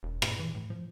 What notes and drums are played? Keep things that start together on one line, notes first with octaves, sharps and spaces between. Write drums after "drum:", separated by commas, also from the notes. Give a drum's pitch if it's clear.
E1
A#2, drum: rim click
E3
A2
F3